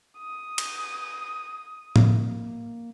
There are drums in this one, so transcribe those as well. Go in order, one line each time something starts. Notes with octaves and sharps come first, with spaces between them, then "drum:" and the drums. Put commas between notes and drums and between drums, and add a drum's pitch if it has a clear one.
D#6
drum: cymbal
A#3, drum: tom A2